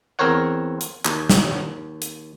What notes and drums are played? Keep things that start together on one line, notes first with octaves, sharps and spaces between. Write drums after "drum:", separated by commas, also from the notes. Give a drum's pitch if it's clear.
E2 C4 A#4 C5 C#5 F#5
drum: hi-hat
D#2, drum: clap
drum: snare
drum: hi-hat